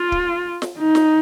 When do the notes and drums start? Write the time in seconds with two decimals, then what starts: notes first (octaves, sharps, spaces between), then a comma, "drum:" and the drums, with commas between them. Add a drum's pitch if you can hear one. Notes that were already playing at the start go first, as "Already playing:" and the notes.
Already playing: F4
0.12 drum: kick
0.62 drum: snare
0.79 D#4
0.95 drum: snare